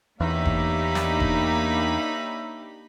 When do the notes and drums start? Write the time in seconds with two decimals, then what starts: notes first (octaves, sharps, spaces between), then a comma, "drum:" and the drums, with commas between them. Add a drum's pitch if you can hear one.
0.20 E2 A#3 D4 D#4 G4 C#5 E5 B5
0.45 drum: kick E1
0.95 drum: snare
1.20 drum: kick E1